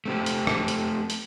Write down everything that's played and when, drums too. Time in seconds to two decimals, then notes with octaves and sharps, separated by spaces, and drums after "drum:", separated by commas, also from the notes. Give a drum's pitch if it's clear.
0.06 A3 C4 G4
0.26 drum: hi-hat
0.47 drum: rim click
0.68 drum: hi-hat
1.10 drum: hi-hat